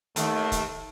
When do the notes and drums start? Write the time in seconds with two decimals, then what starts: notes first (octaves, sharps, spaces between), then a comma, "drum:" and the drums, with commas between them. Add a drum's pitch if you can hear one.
0.16 D#2 A3, drum: hi-hat
0.52 drum: kick E1, hi-hat